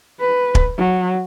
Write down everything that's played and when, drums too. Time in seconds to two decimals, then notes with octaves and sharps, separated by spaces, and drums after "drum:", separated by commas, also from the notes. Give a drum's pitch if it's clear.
0.20 B4
0.55 drum: kick
0.77 F#3